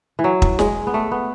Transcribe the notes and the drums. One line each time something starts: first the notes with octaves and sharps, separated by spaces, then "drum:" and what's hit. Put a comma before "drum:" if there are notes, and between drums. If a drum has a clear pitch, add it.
E3
F#3
drum: kick
G#3, drum: snare
B3
A3
B3